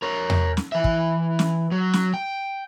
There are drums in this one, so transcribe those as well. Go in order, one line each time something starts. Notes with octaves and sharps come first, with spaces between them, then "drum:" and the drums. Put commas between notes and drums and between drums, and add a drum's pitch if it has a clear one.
A#4 C#5
drum: tom E2
drum: snare
E3 E5
drum: kick
drum: snare
F#3
drum: snare
G5